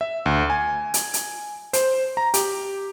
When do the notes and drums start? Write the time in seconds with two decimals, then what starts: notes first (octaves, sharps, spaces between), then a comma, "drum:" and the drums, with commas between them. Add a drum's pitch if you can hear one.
0.01 E5
0.26 D2
0.50 G#5
0.94 drum: hi-hat
1.14 drum: hi-hat
1.73 C5, drum: hi-hat
2.17 A#5
2.34 G4, drum: hi-hat